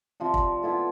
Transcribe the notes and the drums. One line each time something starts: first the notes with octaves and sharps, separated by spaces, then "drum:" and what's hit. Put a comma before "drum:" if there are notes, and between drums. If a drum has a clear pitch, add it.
C3 F3 D4
drum: kick
B3 E4 F4 A4